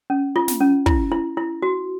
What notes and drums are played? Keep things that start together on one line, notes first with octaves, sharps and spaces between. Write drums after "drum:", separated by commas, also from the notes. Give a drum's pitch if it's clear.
C#4
F4
drum: snare
C#4
E4, drum: kick
E4
E4
F#4